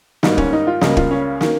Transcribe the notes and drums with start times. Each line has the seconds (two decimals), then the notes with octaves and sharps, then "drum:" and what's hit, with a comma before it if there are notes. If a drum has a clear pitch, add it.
0.23 G#2 D#3 G3 A#3 D#4, drum: snare
0.38 C#4, drum: kick
0.53 D#4
0.67 F4
0.81 C#2 C#3 G3 A#3 D#5, drum: snare
0.97 F4, drum: kick
1.11 C#4
1.41 D#3 A#3, drum: snare